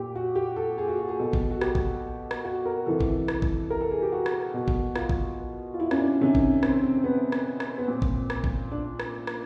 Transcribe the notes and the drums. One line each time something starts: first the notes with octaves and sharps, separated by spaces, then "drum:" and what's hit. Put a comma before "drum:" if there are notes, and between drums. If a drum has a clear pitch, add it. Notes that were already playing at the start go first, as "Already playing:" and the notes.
Already playing: A#2 G4
F#4
G4
A4
G#4
F#4
F#4
G#4
B2 A4
drum: kick G#1
F#4
G4, drum: rim click
drum: kick G#1
drum: rim click
F#4
A#4
C3 E3 A4
drum: kick G#1
drum: rim click
drum: kick G#1
A#4
A4
G#4
G4
F#4
drum: rim click
B2
drum: kick G#1
F4, drum: rim click
drum: kick G#1
F4
E4
C#4, drum: rim click
D4
C3 D#3 C#4
drum: kick G#1
C4, drum: rim click
C4
C4
B3
drum: rim click
drum: rim click
B3
A#2 C4
drum: kick G#1
drum: rim click
drum: kick G#1
D4
drum: rim click
drum: rim click